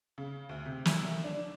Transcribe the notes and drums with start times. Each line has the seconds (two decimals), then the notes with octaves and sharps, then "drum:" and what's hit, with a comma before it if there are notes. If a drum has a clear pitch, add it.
0.18 C#3
0.49 D2
0.66 C3
0.85 E5, drum: snare
1.24 D4